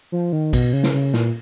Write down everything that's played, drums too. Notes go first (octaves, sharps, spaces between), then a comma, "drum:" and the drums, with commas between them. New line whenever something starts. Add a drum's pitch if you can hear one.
F3
D#3
B2, drum: kick A#1, cymbal
C#3
drum: snare
C#3
A#2, drum: snare